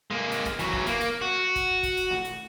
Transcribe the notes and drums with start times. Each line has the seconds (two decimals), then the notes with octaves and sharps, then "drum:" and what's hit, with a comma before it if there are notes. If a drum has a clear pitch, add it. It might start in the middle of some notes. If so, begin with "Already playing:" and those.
0.11 G#3 A#3
0.31 drum: hi-hat
0.45 drum: kick, hi-hat
0.59 E3 F#3, drum: hi-hat
0.73 drum: kick
0.86 A#3, drum: hi-hat
1.00 drum: hi-hat
1.21 F#4
1.56 drum: kick, hi-hat
1.83 drum: kick, hi-hat
1.97 drum: hi-hat
2.11 drum: snare A3
2.24 drum: hi-hat